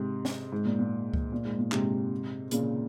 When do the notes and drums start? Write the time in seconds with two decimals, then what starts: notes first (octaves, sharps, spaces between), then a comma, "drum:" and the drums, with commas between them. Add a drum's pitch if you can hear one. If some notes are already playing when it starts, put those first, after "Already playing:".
Already playing: G#2 C3
0.25 drum: snare
0.52 G#2
0.65 A#2
0.79 A#2
1.14 drum: kick C#2
1.32 A#2
1.45 G#2
1.59 A#2
1.72 G#2 C3, drum: clap
2.51 A#2 C#3, drum: hi-hat